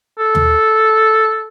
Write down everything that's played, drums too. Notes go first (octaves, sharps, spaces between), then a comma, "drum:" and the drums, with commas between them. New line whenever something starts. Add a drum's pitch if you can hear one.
A4
drum: tom D#2